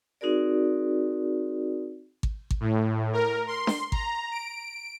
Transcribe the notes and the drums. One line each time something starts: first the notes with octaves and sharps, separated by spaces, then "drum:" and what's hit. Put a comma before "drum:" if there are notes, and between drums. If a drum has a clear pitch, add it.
C4 D#4 F#4 G#4 A#4 D5
drum: kick G#1
drum: kick G#1
A2
A#4
C6
drum: snare D4
A#5, drum: kick G#1
D7